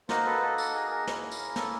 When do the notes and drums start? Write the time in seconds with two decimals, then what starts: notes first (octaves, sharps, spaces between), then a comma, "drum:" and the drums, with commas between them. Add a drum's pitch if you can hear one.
0.09 A#3 D#4 F#4 A#4 C5, drum: snare
0.26 A4 B4
0.42 A4
0.58 A4, drum: tambourine
0.74 G#4 A#4
0.90 G#4 A#4
1.07 A#3 C#4 E4, drum: snare
1.31 drum: tambourine
1.56 A4, drum: snare